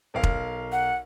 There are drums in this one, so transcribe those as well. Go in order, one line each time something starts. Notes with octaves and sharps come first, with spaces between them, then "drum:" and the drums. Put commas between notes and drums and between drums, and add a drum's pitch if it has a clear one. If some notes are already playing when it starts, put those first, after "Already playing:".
B1 A#4 F5
drum: kick
F#5